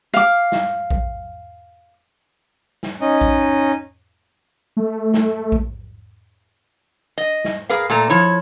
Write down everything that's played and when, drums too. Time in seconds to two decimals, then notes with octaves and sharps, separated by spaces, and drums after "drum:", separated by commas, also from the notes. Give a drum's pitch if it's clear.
0.14 F5 D6
0.52 drum: snare
0.91 drum: kick A#1
2.83 drum: snare
3.01 C#4 D#4 D#5
3.21 drum: kick A#1
4.77 A3
5.14 drum: snare
5.52 drum: kick A#1
7.18 D#5
7.45 drum: snare
7.69 G#4 A#4 B4 F5
7.90 A#2 A3 A#5
8.10 F3 E4 C#5